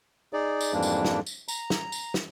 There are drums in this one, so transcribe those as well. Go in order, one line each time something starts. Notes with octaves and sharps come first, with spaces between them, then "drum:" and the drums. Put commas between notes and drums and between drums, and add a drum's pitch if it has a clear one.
D#4 G#4 D5
drum: tambourine
F2 G#2 E3 G3 A#3 D4
drum: tambourine
drum: snare
drum: tambourine
A#5, drum: tambourine
drum: snare
drum: tambourine
drum: snare